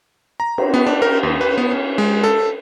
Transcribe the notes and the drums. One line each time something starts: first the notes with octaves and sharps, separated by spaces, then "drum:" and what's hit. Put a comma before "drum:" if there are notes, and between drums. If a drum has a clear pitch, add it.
A#5
drum: cymbal
B3
D4
A#4
D#2
B4
B3
C#4
G#3
A4